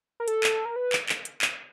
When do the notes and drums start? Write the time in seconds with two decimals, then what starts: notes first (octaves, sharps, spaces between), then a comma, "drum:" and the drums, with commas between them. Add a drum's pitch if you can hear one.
0.20 A#4
0.28 A4, drum: hi-hat
0.43 drum: clap
0.65 A#4
0.76 B4
0.93 drum: clap
1.09 drum: clap
1.25 drum: hi-hat
1.42 drum: clap